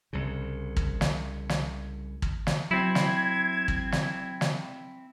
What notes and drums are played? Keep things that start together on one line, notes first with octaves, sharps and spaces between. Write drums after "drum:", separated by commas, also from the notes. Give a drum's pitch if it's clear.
C2 C#3
drum: kick
drum: snare
drum: snare
drum: kick
drum: snare
F#3 C4 E4 G#6
drum: snare
drum: kick
drum: snare
drum: snare